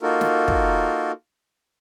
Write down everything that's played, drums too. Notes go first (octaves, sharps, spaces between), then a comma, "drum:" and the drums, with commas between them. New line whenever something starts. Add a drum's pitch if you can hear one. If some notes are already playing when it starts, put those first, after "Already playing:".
A#3 D#4 F4 F#4 A4 A#4
drum: snare
drum: kick